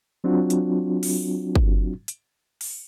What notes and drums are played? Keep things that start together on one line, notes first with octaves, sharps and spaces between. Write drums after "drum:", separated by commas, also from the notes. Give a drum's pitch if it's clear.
F#3 C4 D4 F4 F#4
drum: hi-hat
drum: open hi-hat
drum: kick G1
drum: hi-hat
drum: open hi-hat